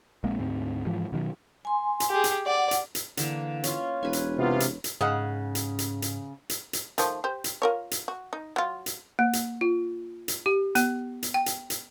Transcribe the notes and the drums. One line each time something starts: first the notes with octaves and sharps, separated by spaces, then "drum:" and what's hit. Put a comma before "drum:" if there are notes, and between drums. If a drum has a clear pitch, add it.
A#1 G#3 A#3 C4
D2 G#2 C4
G#2 E3 F3
B2 D#3 F#3
G#5 C6
drum: hi-hat
G4 G#4
drum: hi-hat
D5 F#5
drum: hi-hat
drum: hi-hat
D3 E3 A#3, drum: hi-hat
C#4 F4, drum: hi-hat
E1 B4 G#5
drum: hi-hat
C3 B3 F4
drum: hi-hat
drum: hi-hat
G#2 C#3 D#5 F5 F#5
drum: hi-hat
drum: hi-hat
drum: hi-hat
drum: hi-hat
drum: hi-hat
D#3 F3 A3, drum: hi-hat
G4 C5
drum: hi-hat
F4 A#4 C#5
drum: hi-hat
F#4
D#4
F#3 F4
drum: hi-hat
A#3
drum: hi-hat
F4
drum: hi-hat
G4
B3, drum: hi-hat
drum: hi-hat
G5
drum: hi-hat
drum: hi-hat